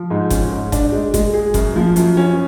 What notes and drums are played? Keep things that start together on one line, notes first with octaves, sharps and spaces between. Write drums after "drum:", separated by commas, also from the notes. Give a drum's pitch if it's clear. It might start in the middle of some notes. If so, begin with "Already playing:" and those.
Already playing: F3
G#2
C#4, drum: kick F#1, hi-hat
G#2
D4, drum: kick F#1, hi-hat
G#3
G#3, drum: kick F#1, hi-hat
G#4
F#2, drum: kick F#1, hi-hat
F3
F#2, drum: hi-hat
C#4